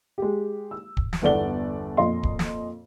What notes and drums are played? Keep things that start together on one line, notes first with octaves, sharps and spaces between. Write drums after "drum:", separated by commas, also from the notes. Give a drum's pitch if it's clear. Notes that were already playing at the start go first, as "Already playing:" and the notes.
G#3 G4
E6
drum: kick
drum: snare
G1 E2 A4 D5 F#5 G7
F2 A#2 D#5 C6
drum: kick
drum: snare